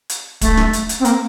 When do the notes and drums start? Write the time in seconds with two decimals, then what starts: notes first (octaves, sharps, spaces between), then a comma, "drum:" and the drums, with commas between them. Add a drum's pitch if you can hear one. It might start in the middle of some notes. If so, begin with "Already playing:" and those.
0.09 drum: hi-hat
0.41 A3, drum: kick, hi-hat
0.57 drum: snare
0.73 drum: hi-hat
0.89 drum: hi-hat
1.00 C4
1.05 A#3, drum: hi-hat